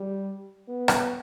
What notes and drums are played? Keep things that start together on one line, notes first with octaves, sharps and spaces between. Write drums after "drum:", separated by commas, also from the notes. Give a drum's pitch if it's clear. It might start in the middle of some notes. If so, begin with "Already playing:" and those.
Already playing: G3
B3
drum: rim click